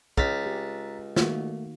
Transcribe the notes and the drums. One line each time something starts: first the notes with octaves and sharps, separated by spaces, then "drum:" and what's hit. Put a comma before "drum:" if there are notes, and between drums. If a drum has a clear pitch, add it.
C#2 A#5 A6 B6, drum: kick
G4
D#3 A3 A#3 F#4, drum: snare